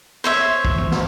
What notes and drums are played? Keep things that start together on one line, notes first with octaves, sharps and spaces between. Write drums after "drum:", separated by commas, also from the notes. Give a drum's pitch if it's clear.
C5 C#5 E5
drum: kick
drum: tom E3
drum: snare